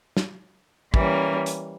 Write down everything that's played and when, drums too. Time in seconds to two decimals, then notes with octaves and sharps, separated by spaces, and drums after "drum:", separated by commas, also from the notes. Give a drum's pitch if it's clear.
0.17 drum: snare
0.94 E3 G3 A#3 C#4, drum: kick
1.46 drum: hi-hat